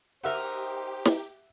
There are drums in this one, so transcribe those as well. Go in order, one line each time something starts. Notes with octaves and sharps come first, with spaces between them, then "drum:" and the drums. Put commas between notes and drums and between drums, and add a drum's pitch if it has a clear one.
D#4 G4 A#4 C5 E5 F#5
drum: snare